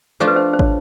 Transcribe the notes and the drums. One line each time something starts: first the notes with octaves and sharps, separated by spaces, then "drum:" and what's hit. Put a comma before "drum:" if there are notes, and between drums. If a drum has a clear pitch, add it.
F3 A3 D4 F4 C5
B4
C5
C5
C#5, drum: kick